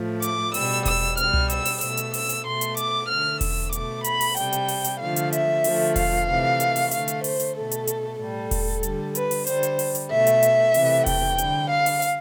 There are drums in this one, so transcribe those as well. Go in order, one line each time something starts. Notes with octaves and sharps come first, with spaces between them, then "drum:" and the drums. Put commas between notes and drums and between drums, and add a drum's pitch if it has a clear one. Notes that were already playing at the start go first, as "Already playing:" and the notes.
Already playing: A2 F3 A3
D6, drum: hi-hat
B2 G3 E6, drum: open hi-hat
E6, drum: kick E1, open hi-hat
B2 G3 F6, drum: hi-hat
drum: tom C2
E6, drum: hi-hat
drum: open hi-hat
B2 A3 E6, drum: hi-hat
drum: hi-hat
E6, drum: open hi-hat
drum: hi-hat
B2 A3 C6
drum: hi-hat
D6, drum: hi-hat
D3 A3 F6
E6, drum: kick E1, open hi-hat
B2 A3 D6, drum: hi-hat
B5, drum: hi-hat
drum: open hi-hat
C3 G3 G5, drum: hi-hat
drum: hi-hat
drum: open hi-hat
drum: hi-hat
D3 F3 A3 F5
drum: hi-hat
E5, drum: hi-hat
D3 F3 A3, drum: open hi-hat
F5, drum: kick E1, open hi-hat
C3 E3 A3
drum: hi-hat
drum: open hi-hat
D3 A3 F5, drum: hi-hat
drum: hi-hat
C5, drum: open hi-hat
drum: hi-hat
B2 A3 A4
drum: hi-hat
drum: hi-hat
A2 G3 A4
drum: kick E1, open hi-hat
D3 G3, drum: hi-hat
B4, drum: hi-hat
drum: open hi-hat
D3 G3 C5, drum: hi-hat
drum: hi-hat
drum: open hi-hat
drum: hi-hat
B2 A3 E5
drum: hi-hat
drum: hi-hat
C3 E3 A3, drum: open hi-hat
G5, drum: kick E1, open hi-hat
D3 G3, drum: hi-hat
F5
drum: open hi-hat
drum: hi-hat